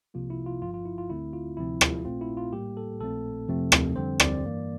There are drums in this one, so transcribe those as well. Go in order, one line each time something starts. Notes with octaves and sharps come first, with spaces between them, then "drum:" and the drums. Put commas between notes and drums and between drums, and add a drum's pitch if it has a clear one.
C2 C3 F3 A#3 F4
E4
F4
G1 G2 F3 F4
F4
E4
F4
D2 D3 A3 C4 E4
F4
D2 C3 F3 C4 E4
F4, drum: rim click
A#1 A#2 A3 C4 F4
E4
F4
A2 G3 A#3 G4
A4
A#1 A#2 A3 C4 A4
F2 C3 F3 A3 C4
drum: rim click
F2 D3 G3 C4 C5
D5, drum: rim click
G2 E3 A#3